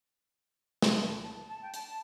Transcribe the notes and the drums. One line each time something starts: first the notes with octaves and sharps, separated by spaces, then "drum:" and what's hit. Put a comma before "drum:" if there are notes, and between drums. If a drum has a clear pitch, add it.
drum: snare
A5
A5
A5
G5
A5, drum: hi-hat